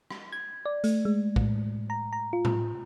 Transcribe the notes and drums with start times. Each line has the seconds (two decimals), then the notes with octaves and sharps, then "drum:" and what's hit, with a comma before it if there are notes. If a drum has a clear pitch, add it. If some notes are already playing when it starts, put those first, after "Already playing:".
0.10 drum: rim click
0.32 G#6
0.66 D5
0.84 A3, drum: hi-hat
1.05 G#3
1.36 A2, drum: kick
1.90 A#5
2.13 A#5
2.33 F4
2.45 drum: tom A2